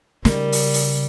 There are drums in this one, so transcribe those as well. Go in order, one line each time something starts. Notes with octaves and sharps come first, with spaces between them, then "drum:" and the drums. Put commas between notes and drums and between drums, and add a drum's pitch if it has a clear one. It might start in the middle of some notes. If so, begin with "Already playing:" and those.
C#3 G3 A#4, drum: snare
drum: open hi-hat
drum: open hi-hat